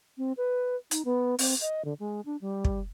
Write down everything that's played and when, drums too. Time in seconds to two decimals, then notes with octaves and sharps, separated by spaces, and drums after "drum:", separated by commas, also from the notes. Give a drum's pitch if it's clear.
0.18 C4
0.37 B4
0.91 D#4, drum: hi-hat
1.05 B3
1.39 C4, drum: open hi-hat
1.61 D#5
1.85 D3
2.00 G#3
2.25 D4
2.41 G3
2.65 drum: kick